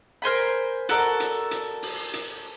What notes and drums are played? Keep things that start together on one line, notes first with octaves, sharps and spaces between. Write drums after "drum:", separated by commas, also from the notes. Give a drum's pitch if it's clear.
A#4 C5 G#5 B5
F#4 A4 A#4 D5, drum: hi-hat
drum: hi-hat
drum: hi-hat
drum: open hi-hat
drum: hi-hat